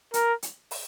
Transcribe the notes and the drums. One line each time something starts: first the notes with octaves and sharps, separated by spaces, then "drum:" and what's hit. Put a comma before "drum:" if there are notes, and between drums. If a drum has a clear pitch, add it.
A#4, drum: hi-hat
drum: hi-hat
drum: open hi-hat